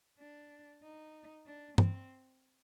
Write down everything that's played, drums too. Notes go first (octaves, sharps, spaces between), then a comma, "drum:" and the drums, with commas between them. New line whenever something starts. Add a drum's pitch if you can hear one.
D4
D#4
D4
C4, drum: tom